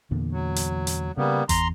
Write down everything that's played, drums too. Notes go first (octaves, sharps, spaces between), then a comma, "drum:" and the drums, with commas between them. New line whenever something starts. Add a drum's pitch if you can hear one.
E2 A#2 D3
F#3
drum: hi-hat
drum: hi-hat
C#3 G3 A#3 B3
E2 A#5 C6, drum: kick G1, hi-hat